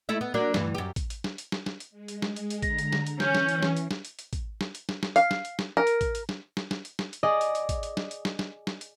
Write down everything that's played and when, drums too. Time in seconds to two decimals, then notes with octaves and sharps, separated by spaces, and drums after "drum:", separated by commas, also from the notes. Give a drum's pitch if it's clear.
0.09 A3 E4 E5
0.21 B3
0.34 F#3 A#3 D4
0.54 D2 G2 E3, drum: snare
0.75 F#2 G4
0.96 drum: kick, hi-hat
1.10 drum: hi-hat
1.24 drum: snare
1.38 drum: hi-hat
1.52 drum: snare
1.66 drum: snare
1.80 drum: hi-hat
1.90 G#3
2.08 drum: hi-hat
2.22 drum: snare
2.36 drum: hi-hat
2.50 drum: hi-hat
2.63 D3 A#5 A#6, drum: kick, hi-hat
2.78 drum: hi-hat
2.92 drum: snare
3.07 drum: hi-hat
3.20 E3 C#4 G6, drum: snare
3.35 drum: snare
3.49 drum: hi-hat
3.63 drum: snare
3.77 drum: hi-hat
3.91 drum: snare
4.05 drum: hi-hat
4.19 drum: hi-hat
4.33 drum: kick, hi-hat
4.61 drum: snare
4.75 drum: hi-hat
4.89 drum: snare
5.03 drum: snare
5.16 F5, drum: hi-hat
5.31 drum: snare
5.45 drum: hi-hat
5.59 drum: snare
5.77 A#4
5.87 drum: hi-hat
6.01 drum: kick, hi-hat
6.15 drum: hi-hat
6.29 drum: snare
6.57 drum: snare
6.71 drum: snare
6.85 drum: hi-hat
6.99 drum: snare
7.13 drum: hi-hat
7.23 G#4 D5 D#5
7.41 drum: hi-hat
7.55 drum: hi-hat
7.69 drum: kick, hi-hat
7.83 drum: hi-hat
7.97 drum: snare
8.11 drum: hi-hat
8.25 drum: snare
8.39 drum: snare
8.67 drum: snare
8.81 drum: hi-hat